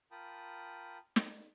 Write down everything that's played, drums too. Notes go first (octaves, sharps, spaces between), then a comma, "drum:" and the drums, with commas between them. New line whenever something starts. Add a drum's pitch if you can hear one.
F4 A#4 G5 A5 B5 D#6
drum: snare